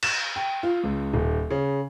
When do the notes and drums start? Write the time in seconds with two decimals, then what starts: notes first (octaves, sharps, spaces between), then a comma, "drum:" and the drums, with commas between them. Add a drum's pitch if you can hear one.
0.03 E7, drum: cymbal
0.36 G5
0.63 F4
0.84 C#2
1.13 D#1
1.50 C#3